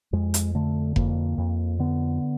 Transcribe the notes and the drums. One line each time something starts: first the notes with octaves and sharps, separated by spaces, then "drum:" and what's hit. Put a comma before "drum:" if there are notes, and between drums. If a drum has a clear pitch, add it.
F2 G#3
drum: hi-hat
D3 A3
F2 A#3, drum: kick F1
F2
D3 B3